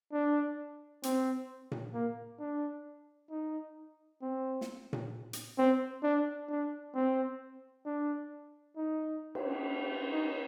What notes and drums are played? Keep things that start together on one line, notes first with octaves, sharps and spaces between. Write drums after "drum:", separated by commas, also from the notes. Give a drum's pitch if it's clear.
D4
C4, drum: hi-hat
drum: tom A#2
A#3
D4
D#4
C4
drum: snare
drum: tom A#2
drum: hi-hat
C4
D4
D4
C4
D4
D#4
drum: cymbal
D#4